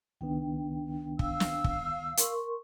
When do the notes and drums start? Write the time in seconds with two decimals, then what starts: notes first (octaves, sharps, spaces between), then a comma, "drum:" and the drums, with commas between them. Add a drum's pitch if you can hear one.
0.21 C#2 D#3 B3 D4 G5
1.19 F5 E6, drum: kick
1.40 drum: snare
1.64 drum: kick
2.17 A#4 C6 C#6, drum: hi-hat